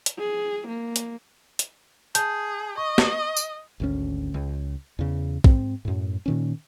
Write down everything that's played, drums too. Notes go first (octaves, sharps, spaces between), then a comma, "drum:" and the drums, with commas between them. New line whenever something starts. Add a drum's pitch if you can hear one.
drum: hi-hat
G#4
A#3
drum: hi-hat
drum: hi-hat
G#4 A5 G6, drum: hi-hat
D#5 C#6
drum: snare
drum: tambourine
G#1 D2 C#4
C#2
E2 C#3
G#2 C4, drum: kick
F#2 A2
A#2 D#3 C#4